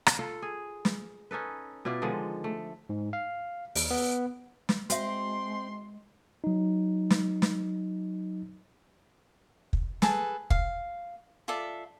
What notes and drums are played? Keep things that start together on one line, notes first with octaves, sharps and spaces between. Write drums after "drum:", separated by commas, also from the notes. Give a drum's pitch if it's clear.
drum: rim click
F4 A4
G#4
drum: snare
C#4 D#4 A4 B4
B2 E4 F4 D5
D3 D#3 F3 G#3
A3
G#2
F5
D#2, drum: open hi-hat
B3
drum: snare
G#3 C4 F#4 E5 C6, drum: hi-hat
F#3 D#4
drum: snare
drum: snare
drum: kick
G#4 A4 B4 A5, drum: snare
F5, drum: kick
F4 A4 D5 E5